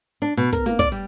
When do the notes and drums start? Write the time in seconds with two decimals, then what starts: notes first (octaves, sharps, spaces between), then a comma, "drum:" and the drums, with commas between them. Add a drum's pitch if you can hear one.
0.22 D4
0.37 B2, drum: open hi-hat
0.53 A#4, drum: kick, hi-hat
0.66 A#3, drum: snare
0.79 D5, drum: kick, hi-hat
0.92 G3, drum: hi-hat